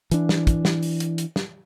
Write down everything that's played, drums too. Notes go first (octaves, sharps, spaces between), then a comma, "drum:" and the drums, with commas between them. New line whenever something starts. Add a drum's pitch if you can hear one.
E3 D4, drum: hi-hat
drum: snare
drum: kick, hi-hat
drum: snare
drum: open hi-hat
drum: hi-hat
drum: hi-hat
drum: snare